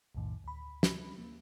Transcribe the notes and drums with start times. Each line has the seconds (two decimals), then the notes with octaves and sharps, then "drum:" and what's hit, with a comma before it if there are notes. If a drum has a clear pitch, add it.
0.15 B1 F2 A2 D#3
0.44 D2 B5
0.83 drum: snare
1.18 A#3